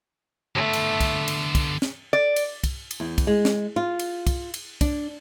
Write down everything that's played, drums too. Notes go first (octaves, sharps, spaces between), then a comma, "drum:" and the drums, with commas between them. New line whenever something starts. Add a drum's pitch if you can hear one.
D3 A3 B3
drum: cymbal
drum: kick, cymbal
drum: cymbal
drum: kick, cymbal
drum: snare
D5
drum: cymbal
drum: kick, cymbal
drum: cymbal
E2
drum: kick, cymbal
G#3
drum: snare
F4
drum: cymbal
drum: kick, cymbal
drum: cymbal
D4, drum: kick, cymbal